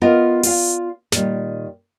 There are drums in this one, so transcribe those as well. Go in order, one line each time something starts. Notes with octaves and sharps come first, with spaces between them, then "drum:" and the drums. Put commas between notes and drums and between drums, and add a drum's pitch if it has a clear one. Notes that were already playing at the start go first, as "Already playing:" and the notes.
B3 F4 A#4 D#5 F5
F4 D5 F5, drum: open hi-hat
A#2 D#3 G3, drum: snare